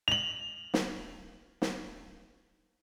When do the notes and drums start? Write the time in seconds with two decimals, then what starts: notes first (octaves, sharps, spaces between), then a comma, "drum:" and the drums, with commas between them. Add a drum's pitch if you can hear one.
0.08 F7 F#7
0.74 drum: snare
1.62 drum: snare